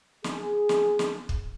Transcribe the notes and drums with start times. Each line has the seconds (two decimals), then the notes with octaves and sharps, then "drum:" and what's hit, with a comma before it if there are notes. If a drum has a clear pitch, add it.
0.24 G#4, drum: snare
0.69 drum: snare
0.99 drum: snare
1.29 drum: kick